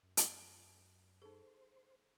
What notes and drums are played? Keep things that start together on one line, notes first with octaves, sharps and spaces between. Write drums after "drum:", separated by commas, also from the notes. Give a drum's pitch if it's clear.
F#2
drum: hi-hat
D#4 G#4 A4 C5